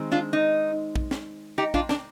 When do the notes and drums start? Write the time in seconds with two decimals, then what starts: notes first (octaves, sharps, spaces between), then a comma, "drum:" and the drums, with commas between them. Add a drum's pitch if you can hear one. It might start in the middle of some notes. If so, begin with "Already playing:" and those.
Already playing: D#3 G#3 C4
0.12 D4 F4
0.33 D#4
0.96 drum: kick
1.11 drum: snare
1.58 D#4 G4
1.74 D4 F4, drum: kick
1.89 D4, drum: snare